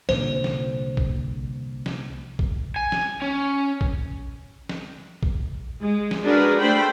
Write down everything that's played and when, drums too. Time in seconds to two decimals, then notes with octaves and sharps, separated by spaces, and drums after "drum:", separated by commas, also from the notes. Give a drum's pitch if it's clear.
0.09 C2 A#2 D3 C5, drum: snare
0.44 drum: snare
0.97 drum: kick A1
1.86 drum: snare
2.39 drum: kick A1
2.76 G#5
2.92 drum: snare
3.21 C#4
3.81 drum: kick A1
4.69 drum: snare
5.23 drum: kick A1
5.82 G#3
6.11 drum: snare
6.24 D4 F#4 G#4 A#4 B4
6.59 A3 D4 C5 G5 B5